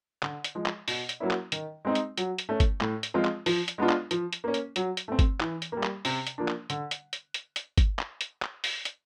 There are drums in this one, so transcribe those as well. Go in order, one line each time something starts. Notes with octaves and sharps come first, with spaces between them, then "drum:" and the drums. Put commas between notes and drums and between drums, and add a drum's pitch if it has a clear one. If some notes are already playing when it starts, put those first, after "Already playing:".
D3, drum: clap
drum: hi-hat
F3 G#3
drum: clap
B2, drum: open hi-hat
drum: hi-hat
F#3 A#3 C#4 E4
drum: clap
D#3, drum: hi-hat
G#3 C4 D#4
drum: hi-hat
F#3, drum: hi-hat
drum: hi-hat
A3 C#4
drum: kick G1, hi-hat
A2, drum: clap
drum: hi-hat
F3 G#3 C4 F4
drum: clap
F3, drum: open hi-hat
drum: hi-hat
G#3 B3 D4 F4
drum: clap
F3, drum: hi-hat
drum: hi-hat
A#3 C#4
drum: hi-hat
F#3, drum: hi-hat
drum: hi-hat
A3 C4
drum: kick G1, hi-hat
E3, drum: clap
drum: hi-hat
G3 A#3
drum: clap
C3, drum: open hi-hat
drum: hi-hat
F3 A#3 D4
drum: clap
D3, drum: hi-hat
drum: hi-hat
drum: hi-hat
drum: hi-hat
drum: hi-hat
drum: kick G1, hi-hat
drum: clap
drum: hi-hat
drum: clap
drum: open hi-hat
drum: hi-hat